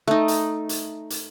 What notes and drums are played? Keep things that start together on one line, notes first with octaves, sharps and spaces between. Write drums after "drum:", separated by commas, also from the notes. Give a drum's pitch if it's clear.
A3 D#4
drum: hi-hat
drum: hi-hat
drum: hi-hat